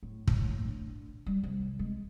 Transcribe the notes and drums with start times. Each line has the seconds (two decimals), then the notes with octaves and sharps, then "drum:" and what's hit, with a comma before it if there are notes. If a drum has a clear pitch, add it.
0.03 A2
0.27 A2, drum: kick
0.65 D3
1.26 G3
1.43 C2
1.79 G#3